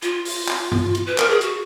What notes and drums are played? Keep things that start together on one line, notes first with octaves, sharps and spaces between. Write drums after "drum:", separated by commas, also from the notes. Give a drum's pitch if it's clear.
F4, drum: hi-hat
drum: open hi-hat
drum: clap
drum: tom G2
drum: hi-hat
B4
A#4, drum: clap
G#4
F#4, drum: hi-hat